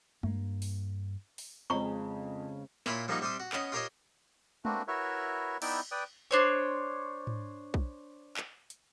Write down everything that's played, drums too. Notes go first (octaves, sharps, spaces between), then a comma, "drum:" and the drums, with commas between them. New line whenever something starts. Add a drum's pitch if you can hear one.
G2 A#3, drum: tom G#3
drum: open hi-hat
drum: open hi-hat
F2 C#3 G#3 C4 A#5 C#6
A#2 E4 F4 C#5 B5, drum: snare
F3 G3 A#3 B3 D#4 F#4
C3 G3 G4 C5 D#6
F#4
B3 C#4 D#5, drum: clap
F4 G4 A#4 C5 C#5 D#5
A3 A#3 C4 D4 F#4 B4, drum: tom G#3
E4 F#4 A#4 B4 C#5 E5
B3 D#4 E4 D5 E5 G5, drum: cymbal
B4 D5 G5 D#6
D4 C5 C#5
drum: tom G#2
drum: kick B1
drum: clap
drum: hi-hat